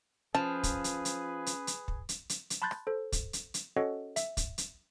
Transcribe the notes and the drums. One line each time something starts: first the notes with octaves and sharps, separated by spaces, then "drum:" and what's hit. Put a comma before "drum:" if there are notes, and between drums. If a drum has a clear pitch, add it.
F3 C#4 G#4 B4 A5
drum: kick, hi-hat
drum: hi-hat
drum: hi-hat
drum: hi-hat
drum: hi-hat
drum: kick
drum: hi-hat
drum: hi-hat
drum: hi-hat
A5 B5 C6 F#6 G6 A6
drum: rim click
A4 C5
drum: kick, hi-hat
drum: hi-hat
drum: hi-hat
C#4 F#4 A4 C#5 D#5 F#5
E5, drum: hi-hat
drum: kick, hi-hat
drum: hi-hat